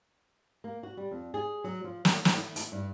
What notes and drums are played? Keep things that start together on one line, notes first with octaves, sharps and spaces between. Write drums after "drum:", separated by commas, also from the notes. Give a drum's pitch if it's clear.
A#3
F#4
G3
F2
G#4
F#3
F3
C#5, drum: snare
drum: snare
E4
E4, drum: hi-hat
G2